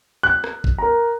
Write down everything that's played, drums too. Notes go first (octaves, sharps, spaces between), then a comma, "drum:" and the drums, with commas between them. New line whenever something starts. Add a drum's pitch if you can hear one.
F#6
drum: rim click
drum: kick
A#4 A#5